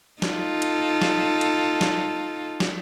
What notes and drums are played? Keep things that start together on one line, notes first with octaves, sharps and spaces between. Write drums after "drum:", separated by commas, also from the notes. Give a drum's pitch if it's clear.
D#4 F4 A4, drum: snare
drum: cymbal
drum: snare
drum: cymbal
drum: snare
drum: snare